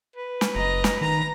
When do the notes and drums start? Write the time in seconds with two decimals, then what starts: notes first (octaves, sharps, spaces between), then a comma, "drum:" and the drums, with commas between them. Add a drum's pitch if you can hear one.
0.16 B4
0.41 drum: snare
0.55 F#1 D#5 A#5
0.84 drum: snare
1.01 D#3 A#5